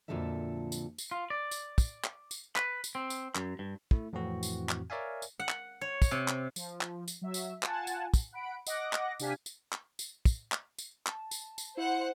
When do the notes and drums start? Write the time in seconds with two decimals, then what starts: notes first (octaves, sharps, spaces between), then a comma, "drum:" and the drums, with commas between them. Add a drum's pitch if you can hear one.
0.08 F2 A#2 D3 F#3 A4 E5
0.72 drum: tambourine
0.98 drum: tambourine
1.11 F4
1.30 D5
1.51 drum: tambourine
1.78 drum: kick, tambourine
2.04 drum: clap
2.31 drum: tambourine
2.56 B4, drum: clap
2.84 drum: tambourine
2.95 C4
3.10 drum: tambourine
3.35 F#2, drum: clap
3.59 G2
3.91 A3 E4, drum: kick
4.13 F2 A2 E3 C4 F#4
4.43 drum: tambourine
4.69 drum: clap
4.90 A#4 C#5 D5 E5 F5 G#5
5.22 drum: tambourine
5.40 F#5
5.49 drum: clap
5.81 C#5
6.02 drum: kick, tambourine
6.11 C3
6.28 drum: clap
6.56 F3, drum: tambourine
6.81 drum: clap
7.08 drum: tambourine
7.21 F#3 E5
7.34 drum: tambourine
7.63 F4 F#5 G#5 A5, drum: clap
7.87 drum: tambourine
8.14 drum: kick, tambourine
8.32 F#5 B5 D7
8.67 D#5 F#5 D6 A#6, drum: tambourine
8.93 drum: clap
9.19 C3 D4 G4 F5 G#5 B6, drum: tambourine
9.46 drum: tambourine
9.72 drum: clap
9.99 drum: tambourine
10.25 drum: kick, tambourine
10.52 drum: clap
10.78 drum: tambourine
11.07 A5, drum: clap
11.31 drum: tambourine
11.58 drum: tambourine
11.77 E4 C5 F#5